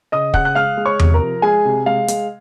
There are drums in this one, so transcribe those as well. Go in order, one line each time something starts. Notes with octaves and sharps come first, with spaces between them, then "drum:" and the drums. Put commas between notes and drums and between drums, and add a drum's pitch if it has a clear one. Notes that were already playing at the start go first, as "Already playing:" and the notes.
C#3 D#5 D#6
C#3 F#5 F#6, drum: kick
F#6
G#3 F5 F6
G#3
C#5 C#6
C3, drum: tom E2
A#4 A#5
F3
G#3 G#4 G#5
C3
G#3 F5
G#3, drum: hi-hat